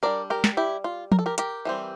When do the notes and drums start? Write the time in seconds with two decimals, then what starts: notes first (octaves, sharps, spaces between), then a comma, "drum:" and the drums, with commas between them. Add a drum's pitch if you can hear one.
0.03 G3 D4 A#4 D5
0.30 G4 A#4
0.44 drum: snare
0.57 E4 G4
0.84 F4
1.12 A#4, drum: tom F3
1.19 A4
1.26 G4 A#4
1.38 G4 A#4, drum: hi-hat
1.65 E3 G3 C4